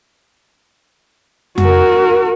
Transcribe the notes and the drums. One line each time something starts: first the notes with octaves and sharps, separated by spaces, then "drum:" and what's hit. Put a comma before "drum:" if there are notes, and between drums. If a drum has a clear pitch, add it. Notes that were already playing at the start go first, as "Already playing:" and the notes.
F#4 A#4, drum: tom F2